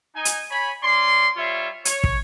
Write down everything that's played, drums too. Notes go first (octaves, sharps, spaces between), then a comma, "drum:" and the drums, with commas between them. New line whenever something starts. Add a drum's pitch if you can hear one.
D#4 G#5
drum: hi-hat
C#5 G#5 B5
C#4 D5 C6
G3 F4 C#5 E5
C#5, drum: hi-hat
drum: kick